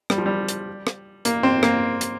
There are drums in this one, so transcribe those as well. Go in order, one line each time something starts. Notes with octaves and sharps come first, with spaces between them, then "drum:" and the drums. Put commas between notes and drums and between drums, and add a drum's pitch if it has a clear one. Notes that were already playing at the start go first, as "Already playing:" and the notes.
G3, drum: rim click
F3
G3
drum: hi-hat
drum: rim click
A#3, drum: hi-hat
C4
A#3, drum: rim click
drum: hi-hat